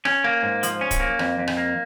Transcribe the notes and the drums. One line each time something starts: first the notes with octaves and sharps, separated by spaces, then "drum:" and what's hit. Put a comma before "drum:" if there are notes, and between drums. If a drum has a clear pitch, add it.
C#4, drum: rim click
A#3
G#2
F3, drum: hi-hat
C#4
drum: kick D1, hi-hat
A#3
F2, drum: rim click
F2
drum: rim click
A#3